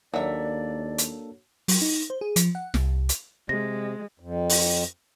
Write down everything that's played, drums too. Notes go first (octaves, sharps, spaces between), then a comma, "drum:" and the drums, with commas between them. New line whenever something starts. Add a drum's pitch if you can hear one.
D#2 F#3 A#3 D4 A4 D5 E5
drum: hi-hat
F#3, drum: open hi-hat
D#4
C5
G#4
F3, drum: hi-hat
F#5
C2, drum: snare
drum: hi-hat
C3 G#3 A#6
F2
drum: open hi-hat